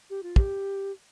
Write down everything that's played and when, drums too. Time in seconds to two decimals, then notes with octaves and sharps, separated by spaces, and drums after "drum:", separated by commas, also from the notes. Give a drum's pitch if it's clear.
0.10 G4
0.23 F4
0.36 G4, drum: kick